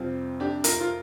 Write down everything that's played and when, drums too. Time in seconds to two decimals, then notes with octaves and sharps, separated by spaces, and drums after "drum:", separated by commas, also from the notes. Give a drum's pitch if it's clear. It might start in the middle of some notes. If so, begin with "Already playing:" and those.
Already playing: F2 C3 G3 C4 F4
0.40 D4 G4
0.64 F4 A#4, drum: hi-hat
0.80 F4